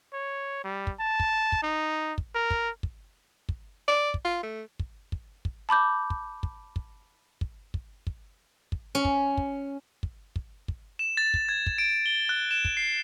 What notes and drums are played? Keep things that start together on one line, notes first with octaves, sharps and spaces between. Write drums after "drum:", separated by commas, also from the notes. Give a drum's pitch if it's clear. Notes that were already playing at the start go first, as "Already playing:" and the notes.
C#5
G3
drum: kick
A5
drum: kick
drum: kick
D#4
drum: kick
A#4
drum: kick
drum: kick
drum: kick
D5
drum: kick
F4
A3
drum: kick
drum: kick
drum: kick
A5 B5 D6 G6
drum: kick
drum: kick
drum: kick
drum: kick
drum: kick
drum: kick
drum: kick
C#4
drum: kick
drum: kick
drum: kick
drum: kick
drum: kick
E7
A6
drum: kick
G#6
drum: kick
D7
G7
F#6
E7
drum: kick
C7